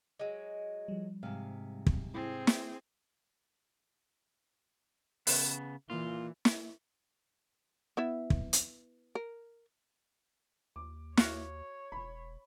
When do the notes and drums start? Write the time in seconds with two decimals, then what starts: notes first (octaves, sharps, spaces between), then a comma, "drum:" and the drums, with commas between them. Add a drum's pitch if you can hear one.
0.20 F#3 G#3
0.88 F3 G3
1.23 G#2 C3 F5
1.86 drum: kick
2.14 C4 E4 G#4
2.47 drum: snare
5.27 C#3 B3, drum: open hi-hat
5.90 A#2 E3 F4
6.45 drum: snare
7.97 B3 E4 E5
8.30 drum: kick
8.53 drum: hi-hat
9.15 A#4
10.76 D#2 D6
11.17 F#4 C#5 F5 F#5, drum: snare
11.92 E1 B5